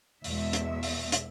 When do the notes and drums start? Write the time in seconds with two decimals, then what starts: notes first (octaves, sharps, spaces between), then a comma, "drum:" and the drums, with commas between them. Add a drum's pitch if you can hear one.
0.24 E2 B2 G#3 E5, drum: open hi-hat
0.53 drum: hi-hat
0.83 drum: open hi-hat
1.12 drum: hi-hat